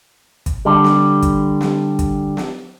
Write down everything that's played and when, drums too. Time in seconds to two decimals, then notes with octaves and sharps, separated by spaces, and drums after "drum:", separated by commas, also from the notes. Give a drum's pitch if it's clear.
0.46 drum: kick, hi-hat
0.65 D3 G3
0.84 drum: snare
1.22 drum: kick, hi-hat
1.61 drum: snare
1.99 drum: kick, hi-hat
2.37 drum: snare